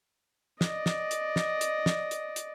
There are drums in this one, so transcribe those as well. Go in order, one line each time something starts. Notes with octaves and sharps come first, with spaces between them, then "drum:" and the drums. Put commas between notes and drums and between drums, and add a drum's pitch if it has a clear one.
D5 D#5, drum: snare
drum: snare
drum: hi-hat
drum: snare
drum: hi-hat
drum: snare
drum: hi-hat
drum: hi-hat